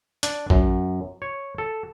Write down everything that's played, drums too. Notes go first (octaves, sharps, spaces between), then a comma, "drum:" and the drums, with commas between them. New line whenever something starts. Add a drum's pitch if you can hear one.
D4, drum: hi-hat
F#2, drum: kick A1
C#5
A4